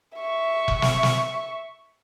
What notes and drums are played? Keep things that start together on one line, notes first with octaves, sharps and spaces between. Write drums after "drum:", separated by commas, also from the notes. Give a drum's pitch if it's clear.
E5 C#6
drum: kick F1
drum: snare
drum: snare